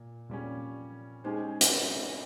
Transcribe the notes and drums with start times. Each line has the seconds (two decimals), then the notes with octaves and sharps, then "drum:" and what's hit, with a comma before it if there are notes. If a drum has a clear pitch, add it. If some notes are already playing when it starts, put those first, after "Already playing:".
Already playing: A#2
0.29 A#2 G3 C#4
1.24 G#3 C#4 D#4 G4 C5
1.61 drum: hi-hat